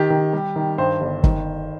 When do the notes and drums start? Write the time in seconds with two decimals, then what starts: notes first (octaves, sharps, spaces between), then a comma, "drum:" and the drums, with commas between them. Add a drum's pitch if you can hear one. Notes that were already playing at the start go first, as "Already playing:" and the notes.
Already playing: D#3 G4
0.10 D#3
0.33 G3
0.56 D#3
0.78 G2 C5
1.01 G1
1.24 D#3, drum: kick